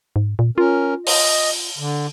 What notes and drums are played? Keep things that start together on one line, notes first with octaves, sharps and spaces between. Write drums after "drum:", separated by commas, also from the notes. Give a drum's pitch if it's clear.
G#2
A#2
C#4 F4 A#4
D#5, drum: open hi-hat
D3